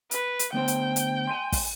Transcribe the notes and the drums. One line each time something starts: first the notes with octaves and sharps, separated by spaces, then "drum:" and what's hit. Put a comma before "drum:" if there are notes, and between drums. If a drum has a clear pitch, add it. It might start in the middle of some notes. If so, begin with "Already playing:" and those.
B4, drum: hi-hat
drum: hi-hat
D2 B3 C5 G5
drum: hi-hat
drum: hi-hat
G#5 C6
drum: kick, open hi-hat